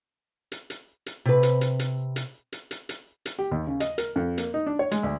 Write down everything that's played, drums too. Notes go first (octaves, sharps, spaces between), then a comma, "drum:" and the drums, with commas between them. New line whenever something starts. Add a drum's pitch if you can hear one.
drum: hi-hat
drum: hi-hat
drum: hi-hat
C3 B4
drum: hi-hat
drum: hi-hat
drum: hi-hat
drum: hi-hat
drum: hi-hat
drum: hi-hat
drum: hi-hat
drum: hi-hat
G4
D#2
C#3
D#5, drum: hi-hat
A#4, drum: hi-hat
F2
A#3, drum: hi-hat
D#4
D4
C#5
G#3, drum: hi-hat
D2